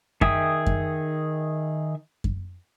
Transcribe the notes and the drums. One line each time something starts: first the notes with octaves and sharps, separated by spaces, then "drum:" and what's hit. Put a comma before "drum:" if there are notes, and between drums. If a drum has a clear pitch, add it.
D#3 G#4 E5 G5 D#6, drum: kick F#2
drum: kick F#2
drum: kick F#2